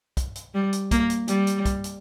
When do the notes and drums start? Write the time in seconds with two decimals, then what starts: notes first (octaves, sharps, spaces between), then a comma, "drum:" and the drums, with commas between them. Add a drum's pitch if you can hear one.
0.17 drum: kick, hi-hat
0.36 drum: hi-hat
0.54 G3
0.73 drum: hi-hat
0.91 A#3, drum: kick, hi-hat
1.10 drum: hi-hat
1.28 G3, drum: hi-hat
1.47 drum: hi-hat
1.65 drum: kick, hi-hat
1.84 drum: hi-hat